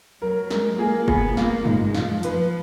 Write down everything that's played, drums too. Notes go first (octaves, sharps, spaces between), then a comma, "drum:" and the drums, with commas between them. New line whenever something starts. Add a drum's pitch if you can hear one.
F#3 A#4
G#3 A#4, drum: snare
A#3 G#4
B3 G#4, drum: kick
A#3 F4, drum: snare
G#3 D#4, drum: tom
F3 F4, drum: snare
F3 B4, drum: hi-hat